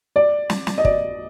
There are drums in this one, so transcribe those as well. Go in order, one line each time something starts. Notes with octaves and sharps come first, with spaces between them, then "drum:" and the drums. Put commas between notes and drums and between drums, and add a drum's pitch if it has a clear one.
D5
drum: snare
drum: snare
D#5
D5, drum: kick